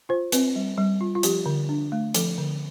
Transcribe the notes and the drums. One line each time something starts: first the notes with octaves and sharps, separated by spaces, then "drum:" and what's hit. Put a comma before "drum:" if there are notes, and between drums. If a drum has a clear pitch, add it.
F4 C5
C4 B4, drum: hi-hat
G3
G3
F4
F4
F3 G4, drum: hi-hat
D3
D4
A3
F3 A4, drum: hi-hat
D3